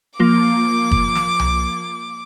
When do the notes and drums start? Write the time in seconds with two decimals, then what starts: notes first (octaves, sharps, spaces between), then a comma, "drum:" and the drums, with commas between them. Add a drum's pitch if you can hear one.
0.20 F3 A#3 F4 D6
0.91 drum: kick
1.15 drum: snare
1.39 drum: tom C2